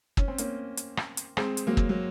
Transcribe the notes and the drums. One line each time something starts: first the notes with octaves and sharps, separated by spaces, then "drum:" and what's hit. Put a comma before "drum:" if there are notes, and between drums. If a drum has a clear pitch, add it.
C#4, drum: kick
C4
A#3 C#4, drum: hi-hat
drum: hi-hat
drum: rim click
drum: hi-hat
G#3 C4, drum: rim click
drum: hi-hat
F#3 A#3
drum: kick
F#3